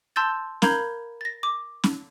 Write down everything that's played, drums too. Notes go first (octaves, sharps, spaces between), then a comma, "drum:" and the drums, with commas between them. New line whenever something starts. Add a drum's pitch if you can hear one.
A5 C6 E6 G6 A6
A#4 F5 A#5 B5 G6 G#6, drum: snare
A6 A#6
D6
drum: snare